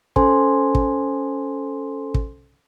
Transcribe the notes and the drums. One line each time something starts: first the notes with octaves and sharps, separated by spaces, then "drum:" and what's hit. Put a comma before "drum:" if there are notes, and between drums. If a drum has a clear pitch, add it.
C#4 A4 C5 G#5 C6, drum: kick
drum: kick
drum: kick